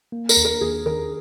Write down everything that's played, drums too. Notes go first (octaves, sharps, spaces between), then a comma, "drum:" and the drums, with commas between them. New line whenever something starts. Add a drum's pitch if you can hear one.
A#3
A#4, drum: tambourine
D#2
A#4
D#2 G#4
D#3 A#4